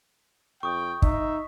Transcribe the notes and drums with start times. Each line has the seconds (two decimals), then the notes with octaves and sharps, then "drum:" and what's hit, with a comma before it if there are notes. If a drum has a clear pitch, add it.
0.63 F2 G5 C#6 D#6
1.02 D#4 E5, drum: kick